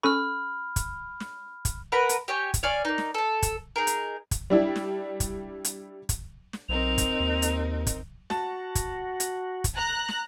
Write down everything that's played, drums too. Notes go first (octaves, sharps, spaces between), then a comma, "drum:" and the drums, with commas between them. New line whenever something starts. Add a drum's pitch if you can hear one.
C#4 A4 B5 C#6 F6
drum: kick, hi-hat
drum: snare
drum: kick, hi-hat
A#4 B4 F#5 B5
drum: hi-hat
G4 C#5 G#5
drum: kick, hi-hat
C#5 D5 F5 G#5
A#3 D#4
drum: snare
A4 A5
drum: kick, hi-hat
D#4 G#4 A#4
drum: hi-hat
drum: kick, hi-hat
G3 D4 E4
drum: snare
drum: kick, hi-hat
drum: hi-hat
drum: kick, hi-hat
drum: snare
B1 C4 D#4 A#4 F7
drum: kick, hi-hat
D#2
drum: hi-hat
drum: kick, hi-hat
F#4 A5, drum: snare
drum: kick, hi-hat
drum: hi-hat
drum: kick, hi-hat
A#5 F#6
drum: snare